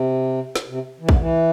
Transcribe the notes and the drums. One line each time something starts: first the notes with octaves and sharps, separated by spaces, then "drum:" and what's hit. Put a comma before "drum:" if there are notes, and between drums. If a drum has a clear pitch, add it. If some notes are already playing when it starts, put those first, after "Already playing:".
Already playing: C3
drum: snare
C3
E3
D3, drum: kick
E3